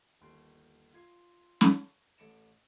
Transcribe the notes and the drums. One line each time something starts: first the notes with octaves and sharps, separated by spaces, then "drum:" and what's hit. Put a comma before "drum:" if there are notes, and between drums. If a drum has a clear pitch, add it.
G1 D#2 C6 D7
F4 G#6 C7
drum: snare
A1 A4 D6 C#7 D7 E7